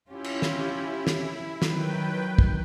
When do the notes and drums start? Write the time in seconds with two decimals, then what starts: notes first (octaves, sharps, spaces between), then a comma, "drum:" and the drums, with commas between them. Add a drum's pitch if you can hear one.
0.11 C#4 E4 F4 G4
0.24 drum: cymbal
0.42 drum: snare
1.07 drum: snare
1.62 D#3 F#3 B4 G5, drum: snare
2.39 drum: kick